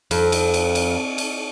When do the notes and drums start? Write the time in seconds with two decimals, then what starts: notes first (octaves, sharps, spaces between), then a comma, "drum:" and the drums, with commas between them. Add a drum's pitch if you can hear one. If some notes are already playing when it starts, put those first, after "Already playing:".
0.11 F2, drum: cymbal
0.32 drum: cymbal
0.54 drum: cymbal
0.75 drum: cymbal
1.18 drum: cymbal